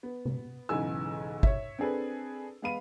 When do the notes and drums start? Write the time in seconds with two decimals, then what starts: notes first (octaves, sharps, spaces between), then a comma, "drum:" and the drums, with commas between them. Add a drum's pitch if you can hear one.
0.03 B3
0.25 drum: tom C3
0.69 B1 G#2 C#3 E3 G#5 E6
1.43 C#5 E5, drum: kick
1.79 C4 D4 G#4 A4 B4
2.62 G#3 B3 F5 B5 D#7